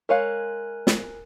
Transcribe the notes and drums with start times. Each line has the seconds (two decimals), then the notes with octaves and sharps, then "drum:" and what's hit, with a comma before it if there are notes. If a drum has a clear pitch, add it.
0.09 G#3 A#4 C#5 F5 G#5 F#6
0.87 drum: snare